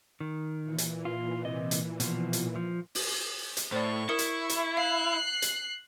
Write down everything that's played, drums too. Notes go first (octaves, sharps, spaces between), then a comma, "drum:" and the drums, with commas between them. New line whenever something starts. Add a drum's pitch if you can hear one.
D#3
A#2 E3
drum: hi-hat
F4
C3 D#5
drum: hi-hat
B2 F3, drum: hi-hat
drum: hi-hat
F3
drum: open hi-hat
drum: hi-hat
A2 C5 D5 C#6
E4 A#4 D#6 C#7
drum: hi-hat
drum: hi-hat
F5 F#6 C7
drum: hi-hat